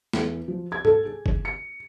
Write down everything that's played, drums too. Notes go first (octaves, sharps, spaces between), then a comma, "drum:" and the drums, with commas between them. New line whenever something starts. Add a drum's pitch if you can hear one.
E2, drum: snare
F3
G#6
A4, drum: tom G#2
G#4
drum: kick F#1
C#7